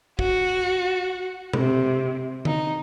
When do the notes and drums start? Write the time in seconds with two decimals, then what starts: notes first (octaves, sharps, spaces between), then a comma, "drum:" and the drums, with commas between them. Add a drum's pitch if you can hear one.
0.19 F#4, drum: kick
1.53 C3, drum: tom B2
2.45 D#4, drum: tom D3